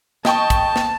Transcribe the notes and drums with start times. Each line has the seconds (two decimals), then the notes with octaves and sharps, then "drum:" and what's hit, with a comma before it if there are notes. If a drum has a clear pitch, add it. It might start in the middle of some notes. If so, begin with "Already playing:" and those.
0.25 D#5 G5 A5 C#6, drum: snare
0.50 drum: kick, hi-hat
0.76 drum: snare